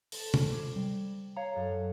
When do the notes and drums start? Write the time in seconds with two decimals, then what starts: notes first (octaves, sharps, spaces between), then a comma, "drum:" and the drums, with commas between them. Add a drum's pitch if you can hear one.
0.12 A4 C5 A5, drum: open hi-hat
0.34 drum: tom
0.52 D6 G#6 C7
0.76 G3
1.36 C#5 F5 A#5 C#7
1.53 F#2 A4